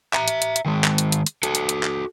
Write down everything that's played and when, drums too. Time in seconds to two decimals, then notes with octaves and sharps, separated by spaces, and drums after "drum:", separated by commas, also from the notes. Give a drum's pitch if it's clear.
0.13 E5 A#5, drum: clap
0.28 drum: hi-hat
0.42 drum: hi-hat
0.56 drum: hi-hat
0.66 D#3 G#3
0.84 drum: clap
0.98 drum: hi-hat
1.12 drum: hi-hat
1.27 drum: hi-hat
1.43 F#4 A4, drum: hi-hat
1.55 drum: hi-hat
1.69 drum: hi-hat
1.83 drum: clap